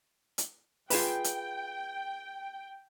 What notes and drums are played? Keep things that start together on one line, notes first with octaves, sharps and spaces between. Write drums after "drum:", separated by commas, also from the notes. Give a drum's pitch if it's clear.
drum: hi-hat
F4 G#4 B4 G5, drum: open hi-hat
drum: hi-hat